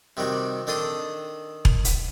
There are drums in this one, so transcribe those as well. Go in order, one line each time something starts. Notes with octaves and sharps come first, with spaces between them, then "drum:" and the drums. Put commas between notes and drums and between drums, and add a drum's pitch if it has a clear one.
C3 D#3 G3 F#4
D#3 D4 A4 C6 D#6
drum: kick E1
drum: hi-hat